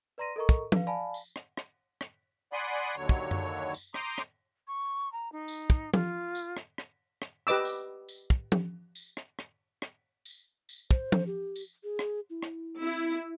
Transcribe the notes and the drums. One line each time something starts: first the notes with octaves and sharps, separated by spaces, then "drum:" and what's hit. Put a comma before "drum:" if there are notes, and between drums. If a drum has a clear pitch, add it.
B4 D5 A#5 C6 A#6 D#7
A4 A#4 D#5 A#5 C#6
drum: kick
B4 F5, drum: tom F3
D5 F5 G#5 A5 B5
drum: tambourine
drum: rim click
drum: rim click
drum: rim click
D5 F#5 G#5 B5 C6 D#6
D#2 D3 F#3 C#5
drum: kick
drum: tom F#2
drum: tambourine
A#5 C6 D6 D#6 G6, drum: rim click
drum: rim click
C#6
A#5
D#4
drum: tambourine
drum: kick
F4, drum: tom F3
drum: tambourine
drum: rim click
drum: rim click
drum: rim click
G4 B4 D#5 D6 E6
drum: tambourine
drum: tambourine
drum: kick
drum: tom F3
drum: tambourine
drum: rim click
drum: rim click
drum: rim click
drum: tambourine
drum: tambourine
C5, drum: kick
drum: tom F3
G4
drum: tambourine
G#4
drum: rim click
E4
drum: rim click
C4 E4